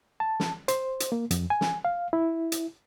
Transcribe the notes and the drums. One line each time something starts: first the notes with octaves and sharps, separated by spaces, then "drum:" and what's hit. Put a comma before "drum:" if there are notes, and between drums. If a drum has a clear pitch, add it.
A5
drum: snare
C5, drum: hi-hat
drum: hi-hat
A#3
F2, drum: hi-hat
G#5
drum: snare
F5
E4
drum: hi-hat